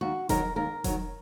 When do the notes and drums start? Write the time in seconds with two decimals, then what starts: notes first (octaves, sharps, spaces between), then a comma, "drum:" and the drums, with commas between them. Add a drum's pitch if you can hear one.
0.01 D#2 F#4
0.29 D#3 F#3 A#4, drum: kick E1, hi-hat
0.56 D#2 A#4
0.84 D#3 F#3, drum: kick E1, hi-hat